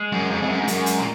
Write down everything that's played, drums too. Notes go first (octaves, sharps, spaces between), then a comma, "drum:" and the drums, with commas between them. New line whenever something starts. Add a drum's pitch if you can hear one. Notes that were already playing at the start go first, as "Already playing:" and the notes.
Already playing: G#3 G#4
F#2
F2
F2
F#2
G#2
F#2, drum: hi-hat
drum: hi-hat
A#2